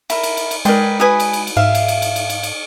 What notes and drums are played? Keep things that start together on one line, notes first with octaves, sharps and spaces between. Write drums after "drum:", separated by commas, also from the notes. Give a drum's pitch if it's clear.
E4 A#4, drum: cymbal
drum: cymbal
drum: cymbal
drum: cymbal
G#3 D#4 G#4 A#4 B4 D5 G5, drum: cymbal
F#4 B4 G#5 B5 D#6
drum: cymbal
drum: cymbal
drum: cymbal
G#2 E5 F5
drum: cymbal
drum: cymbal
drum: cymbal
drum: cymbal
drum: cymbal
drum: cymbal